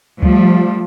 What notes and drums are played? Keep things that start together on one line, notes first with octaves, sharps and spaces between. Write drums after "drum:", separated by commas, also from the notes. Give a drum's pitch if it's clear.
F3 G3 A3, drum: kick C#2